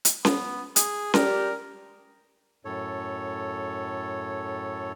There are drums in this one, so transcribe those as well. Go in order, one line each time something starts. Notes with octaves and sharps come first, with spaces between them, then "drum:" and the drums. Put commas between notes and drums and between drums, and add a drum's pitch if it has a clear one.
drum: hi-hat
B3, drum: snare C#4
G#4, drum: hi-hat
G4 A#4 D5, drum: snare C#4
F#2 A2 A4 C#5